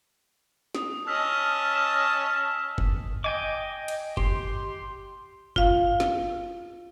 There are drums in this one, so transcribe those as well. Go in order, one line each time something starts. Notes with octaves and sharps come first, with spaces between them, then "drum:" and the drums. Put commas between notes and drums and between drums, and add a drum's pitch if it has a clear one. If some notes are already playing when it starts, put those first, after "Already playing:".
D#6, drum: snare
C#4 D#5 A5 E6 F6 B6
F6 B6 E7
drum: kick
D#5 G5 G#5 D6
drum: cymbal
G4 C6, drum: kick
F4 F5, drum: kick
drum: snare